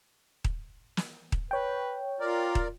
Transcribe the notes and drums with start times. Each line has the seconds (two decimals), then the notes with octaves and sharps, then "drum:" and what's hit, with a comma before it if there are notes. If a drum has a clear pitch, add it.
0.44 drum: kick D#1
0.97 drum: snare
1.32 drum: kick D#1
1.51 B4 C#5 G5
2.20 F4 A#4 D5
2.55 drum: kick D#1